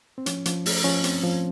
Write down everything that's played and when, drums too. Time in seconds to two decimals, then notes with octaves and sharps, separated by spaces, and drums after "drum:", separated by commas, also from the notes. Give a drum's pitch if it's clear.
0.18 C4
0.26 F3 C#4, drum: hi-hat
0.45 F3, drum: hi-hat
0.66 A3, drum: open hi-hat
0.84 F3 C#4
1.04 C4, drum: hi-hat
1.24 F3